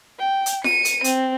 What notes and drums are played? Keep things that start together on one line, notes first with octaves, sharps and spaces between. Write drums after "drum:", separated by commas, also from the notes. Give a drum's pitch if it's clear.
G5
drum: hi-hat
C#7 D#7, drum: snare F4
drum: hi-hat
C4, drum: hi-hat